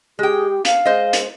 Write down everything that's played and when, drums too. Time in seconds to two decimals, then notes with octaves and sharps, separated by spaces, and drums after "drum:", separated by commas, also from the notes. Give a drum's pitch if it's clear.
0.19 G#3 G4 G#4 G5
0.65 D4 F5, drum: hi-hat
0.85 G#3 C5 D#5
1.13 drum: hi-hat